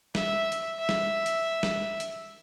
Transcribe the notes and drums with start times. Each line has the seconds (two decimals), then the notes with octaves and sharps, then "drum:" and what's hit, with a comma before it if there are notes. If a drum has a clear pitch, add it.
0.15 E5, drum: snare
0.52 drum: hi-hat
0.80 E5
0.89 drum: snare
1.26 drum: hi-hat
1.63 drum: snare
2.00 drum: hi-hat